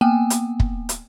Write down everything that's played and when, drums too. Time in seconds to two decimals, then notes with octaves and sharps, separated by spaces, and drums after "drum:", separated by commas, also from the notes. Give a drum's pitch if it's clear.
0.01 A#3 B3 G5 G#5
0.30 drum: hi-hat
0.60 drum: kick
0.89 drum: hi-hat